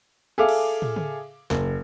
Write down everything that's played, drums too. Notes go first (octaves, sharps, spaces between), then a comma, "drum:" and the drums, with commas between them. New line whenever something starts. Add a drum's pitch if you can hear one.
G#4 A4 E5 F5 D6
drum: cymbal
drum: tom
drum: tom C#3
F#1, drum: snare